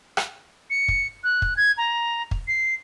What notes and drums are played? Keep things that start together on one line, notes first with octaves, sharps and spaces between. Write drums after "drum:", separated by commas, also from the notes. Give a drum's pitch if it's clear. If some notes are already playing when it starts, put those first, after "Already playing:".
drum: rim click
C#7
drum: kick
F#6
drum: kick
G#6
A#5
drum: kick
C7